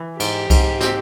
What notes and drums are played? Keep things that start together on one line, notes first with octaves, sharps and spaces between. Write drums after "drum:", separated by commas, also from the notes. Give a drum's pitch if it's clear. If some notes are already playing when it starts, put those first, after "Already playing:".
Already playing: E3
G#2 G4, drum: cymbal
G#2, drum: kick C2, cymbal
C4, drum: snare